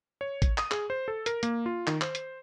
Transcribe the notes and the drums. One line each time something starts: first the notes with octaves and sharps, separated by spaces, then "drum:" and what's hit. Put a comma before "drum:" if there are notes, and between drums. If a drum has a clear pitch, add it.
C#5
drum: kick, hi-hat
D#6, drum: clap
G#4, drum: clap
C5
A4
A#4, drum: hi-hat
A#3, drum: hi-hat
F4
D#3, drum: clap
C5, drum: clap
drum: hi-hat